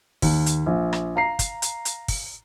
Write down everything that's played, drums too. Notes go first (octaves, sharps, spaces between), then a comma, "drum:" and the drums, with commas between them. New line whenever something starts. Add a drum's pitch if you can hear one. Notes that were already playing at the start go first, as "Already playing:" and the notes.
D#2, drum: kick, open hi-hat
drum: hi-hat
A#1
drum: rim click
F5 A#5 C7
drum: kick, hi-hat
drum: hi-hat
drum: hi-hat
drum: kick, open hi-hat